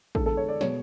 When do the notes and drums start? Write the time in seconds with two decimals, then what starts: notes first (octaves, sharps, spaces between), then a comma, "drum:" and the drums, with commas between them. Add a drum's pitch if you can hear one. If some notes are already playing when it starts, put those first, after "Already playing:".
0.15 E2 D3 G#3 A4, drum: kick A1
0.26 A4
0.37 C#5
0.49 D5
0.61 B2 G#3 C#5, drum: snare